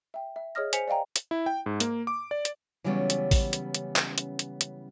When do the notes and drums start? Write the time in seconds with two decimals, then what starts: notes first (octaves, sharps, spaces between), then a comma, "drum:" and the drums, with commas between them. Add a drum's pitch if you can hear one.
0.14 E5 G5
0.36 E5
0.55 G#4 C#5 D#5 D#6 F6 A#6
0.73 C5 G#5 B6 C#7 F7, drum: hi-hat
0.88 D5 D#5 F5 G5 A#5
1.16 drum: hi-hat
1.31 E4
1.46 G5
1.66 G#2
1.80 A#3, drum: hi-hat
2.07 D6
2.31 D5
2.45 drum: hi-hat
2.84 C#3 E3 F#3 G3 B3 C#4
3.10 drum: hi-hat
3.31 drum: kick A1, open hi-hat
3.53 drum: hi-hat
3.75 drum: hi-hat
3.96 drum: clap
4.18 drum: hi-hat
4.39 drum: hi-hat
4.61 drum: hi-hat